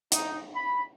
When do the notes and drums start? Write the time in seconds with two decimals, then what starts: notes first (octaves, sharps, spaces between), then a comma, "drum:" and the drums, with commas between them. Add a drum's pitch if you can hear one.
0.12 D#4, drum: hi-hat
0.54 B5